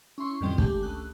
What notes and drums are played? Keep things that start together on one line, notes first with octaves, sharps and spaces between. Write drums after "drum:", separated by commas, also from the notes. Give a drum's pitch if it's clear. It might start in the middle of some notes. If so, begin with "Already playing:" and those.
C#4 E4 C6 C#6
F2 A2 D3 D#3 G3 C4
G#3 A3 D4 G4, drum: kick
C#2 A3 F#6